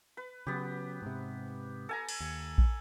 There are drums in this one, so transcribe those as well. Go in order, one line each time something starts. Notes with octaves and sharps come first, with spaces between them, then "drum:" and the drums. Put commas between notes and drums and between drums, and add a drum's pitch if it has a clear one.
B4
C#3 F#3 B3 G4
G#2 C3
A4 G#5 A#5
drum: cymbal
D#2
drum: kick